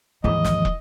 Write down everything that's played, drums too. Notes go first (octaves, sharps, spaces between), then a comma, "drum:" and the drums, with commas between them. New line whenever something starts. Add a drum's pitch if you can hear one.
D#2 G#2 E3 F3 D#5
drum: snare
drum: kick